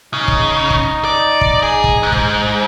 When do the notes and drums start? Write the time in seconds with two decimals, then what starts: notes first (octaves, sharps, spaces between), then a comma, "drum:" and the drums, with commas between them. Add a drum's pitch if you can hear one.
0.14 C#3 D#4
0.28 drum: kick
0.70 drum: kick
1.05 D5
1.41 drum: kick
1.63 G#4
1.84 drum: kick
2.03 G#2
2.12 drum: kick